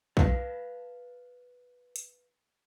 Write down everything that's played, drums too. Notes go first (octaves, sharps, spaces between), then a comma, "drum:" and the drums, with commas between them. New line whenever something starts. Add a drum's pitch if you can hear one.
B4 F5 A5, drum: kick B1
drum: hi-hat